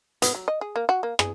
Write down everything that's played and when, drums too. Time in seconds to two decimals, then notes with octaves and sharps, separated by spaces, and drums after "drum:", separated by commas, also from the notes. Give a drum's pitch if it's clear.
0.22 B3, drum: hi-hat
0.35 F#3
0.48 D#5
0.61 G#4
0.76 A#3
0.89 F#4
1.03 A#3
1.19 G#4, drum: rim click